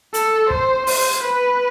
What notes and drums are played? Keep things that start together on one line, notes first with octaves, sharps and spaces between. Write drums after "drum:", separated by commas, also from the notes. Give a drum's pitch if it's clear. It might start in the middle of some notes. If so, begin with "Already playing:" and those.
A4, drum: hi-hat
C5, drum: kick
C5, drum: open hi-hat
B4